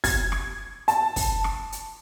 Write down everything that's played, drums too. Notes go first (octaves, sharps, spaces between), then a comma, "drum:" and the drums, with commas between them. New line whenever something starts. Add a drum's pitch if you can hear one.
G#6, drum: kick, open hi-hat
drum: rim click
A5, drum: hi-hat
drum: kick, open hi-hat
drum: rim click
drum: hi-hat